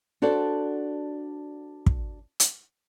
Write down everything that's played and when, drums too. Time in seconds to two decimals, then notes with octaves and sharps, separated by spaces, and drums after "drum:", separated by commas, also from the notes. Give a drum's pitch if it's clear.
0.22 D4 F#4 A4 C5 D5
1.86 drum: kick
2.40 drum: hi-hat